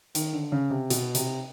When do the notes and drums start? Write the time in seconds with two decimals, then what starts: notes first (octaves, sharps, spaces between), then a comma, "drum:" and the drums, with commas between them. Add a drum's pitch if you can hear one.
0.15 D#3, drum: hi-hat
0.33 D3
0.52 C#3
0.70 C3
0.90 B2, drum: hi-hat
1.14 C3, drum: hi-hat